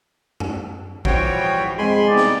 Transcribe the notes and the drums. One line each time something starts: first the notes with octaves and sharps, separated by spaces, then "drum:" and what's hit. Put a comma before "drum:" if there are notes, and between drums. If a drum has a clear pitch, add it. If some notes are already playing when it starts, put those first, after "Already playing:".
drum: tom F#2
E3 F3 G3 F#4 C#5 G5, drum: kick A1
F2 G#3 G#5 B5 C6
C3 B3 D#4 G4 D5
drum: snare